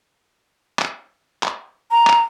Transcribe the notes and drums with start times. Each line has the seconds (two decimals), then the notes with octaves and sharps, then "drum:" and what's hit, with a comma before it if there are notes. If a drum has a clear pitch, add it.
0.79 drum: clap
1.43 drum: clap
1.91 A#5
2.07 drum: clap